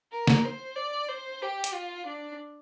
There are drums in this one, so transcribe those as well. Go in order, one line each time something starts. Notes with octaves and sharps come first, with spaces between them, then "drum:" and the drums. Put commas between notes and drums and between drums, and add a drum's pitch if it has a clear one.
A#4
drum: snare
C5
D5
C5
G4
drum: hi-hat
F4
D4